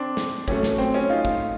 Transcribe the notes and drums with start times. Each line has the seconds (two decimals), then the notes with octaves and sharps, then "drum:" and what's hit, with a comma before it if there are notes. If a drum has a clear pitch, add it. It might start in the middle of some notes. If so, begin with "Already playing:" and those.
Already playing: D3 C4 D4
0.17 drum: snare
0.48 A2 F#3 A3 C#4, drum: kick
0.63 drum: snare
0.78 C4
0.94 C#4
1.09 D#4 F4
1.25 drum: kick